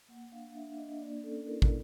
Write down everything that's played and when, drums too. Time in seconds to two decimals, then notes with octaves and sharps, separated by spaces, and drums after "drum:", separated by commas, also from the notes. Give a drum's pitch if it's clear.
0.09 A#3 F#5
0.32 D4 F5
0.55 D4 E5
0.77 D4 D#5
1.01 A#3 D5
1.24 C#4 A4
1.47 E4 A#4
1.62 drum: kick